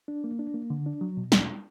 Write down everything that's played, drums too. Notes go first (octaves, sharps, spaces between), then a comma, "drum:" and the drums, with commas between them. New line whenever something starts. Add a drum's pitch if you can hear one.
D4
A#3
D4
A#3
D3
D4
F#3
B2
E2, drum: snare